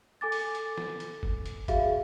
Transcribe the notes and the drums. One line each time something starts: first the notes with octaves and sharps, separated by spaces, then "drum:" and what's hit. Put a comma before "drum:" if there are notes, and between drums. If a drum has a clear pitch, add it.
A4 G#5 D6 A6
drum: open hi-hat
drum: hi-hat
drum: snare
drum: hi-hat
drum: kick
drum: hi-hat
F#4 G#4 E5 F5, drum: kick, hi-hat